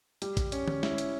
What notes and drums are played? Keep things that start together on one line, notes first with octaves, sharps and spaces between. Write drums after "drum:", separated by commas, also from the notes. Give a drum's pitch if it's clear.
G3, drum: hi-hat
drum: kick, hi-hat
C#4, drum: hi-hat
drum: tom
E4, drum: snare
drum: hi-hat